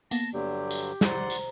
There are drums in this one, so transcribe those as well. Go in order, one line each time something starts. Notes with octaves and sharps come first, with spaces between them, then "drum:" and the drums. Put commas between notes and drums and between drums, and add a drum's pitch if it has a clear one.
A#3 B3 A5 A#6, drum: tambourine
G2 D3 F#3 G4 D5
drum: tambourine
C5 D5 F#5 A#5 C6, drum: snare
drum: tambourine